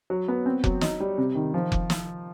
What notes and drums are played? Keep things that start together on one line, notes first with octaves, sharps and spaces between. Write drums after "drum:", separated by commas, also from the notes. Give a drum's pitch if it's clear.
F#3
B3
C4
F#3, drum: kick F1
D#4, drum: snare
G3
C3
D#3
F3
drum: kick F1
drum: snare